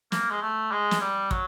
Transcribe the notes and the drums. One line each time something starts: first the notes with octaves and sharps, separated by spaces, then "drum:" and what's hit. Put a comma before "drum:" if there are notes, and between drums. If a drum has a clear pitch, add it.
A#3, drum: snare
G#3
A3
G#3
drum: snare
G3
F#3, drum: kick